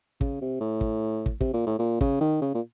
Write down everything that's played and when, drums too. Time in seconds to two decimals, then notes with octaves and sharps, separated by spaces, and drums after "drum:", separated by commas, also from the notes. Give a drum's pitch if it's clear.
0.21 C#3, drum: kick
0.41 C3
0.60 A2
0.81 drum: kick
1.26 drum: kick
1.41 C3, drum: kick
1.53 A#2
1.67 A2
1.79 A#2
2.01 C#3, drum: kick
2.21 D#3
2.41 C#3
2.55 A#2